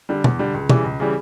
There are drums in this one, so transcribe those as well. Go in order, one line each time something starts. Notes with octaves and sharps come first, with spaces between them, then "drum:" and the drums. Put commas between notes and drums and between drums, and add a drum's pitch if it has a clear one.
D3 G3
E2, drum: tom
D3 G3
C#2
C#3 E3 G3, drum: tom
C#2
C#3 E3 G3